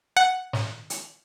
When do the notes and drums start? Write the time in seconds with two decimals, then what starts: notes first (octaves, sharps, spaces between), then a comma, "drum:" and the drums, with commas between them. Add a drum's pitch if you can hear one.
0.16 F#5
0.53 drum: snare
0.90 drum: hi-hat